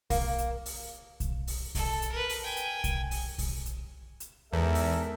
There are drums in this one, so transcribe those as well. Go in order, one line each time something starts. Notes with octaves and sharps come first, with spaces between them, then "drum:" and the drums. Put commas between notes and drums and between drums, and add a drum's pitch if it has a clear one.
A#3, drum: kick, open hi-hat
drum: hi-hat
drum: open hi-hat
drum: kick, hi-hat
drum: open hi-hat
A4, drum: kick, open hi-hat
drum: hi-hat
A#4 B4
drum: open hi-hat
G5 G#5
drum: hi-hat
drum: kick, hi-hat
drum: open hi-hat
drum: kick, open hi-hat
drum: hi-hat
drum: hi-hat
E2 G#2 A4 A#4 E5
drum: open hi-hat